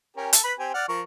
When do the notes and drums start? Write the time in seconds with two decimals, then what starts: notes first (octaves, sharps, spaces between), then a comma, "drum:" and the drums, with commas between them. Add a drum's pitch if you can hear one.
0.17 C#4 G4 A#4
0.33 A4, drum: hi-hat
0.44 B4 B5
0.59 C4 G4 G#5
0.74 D5 F#5 F6
0.88 F3 A#4 C#6